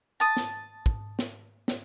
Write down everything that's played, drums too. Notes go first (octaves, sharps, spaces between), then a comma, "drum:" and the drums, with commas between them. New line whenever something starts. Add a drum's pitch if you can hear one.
A5 D#6
drum: snare
drum: kick
drum: snare
drum: snare